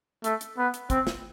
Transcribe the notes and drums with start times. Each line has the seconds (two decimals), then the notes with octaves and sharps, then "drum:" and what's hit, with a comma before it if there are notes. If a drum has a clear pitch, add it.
0.24 A3, drum: hi-hat
0.41 drum: hi-hat
0.58 B3
0.74 drum: hi-hat
0.90 C4, drum: kick, hi-hat
1.07 drum: snare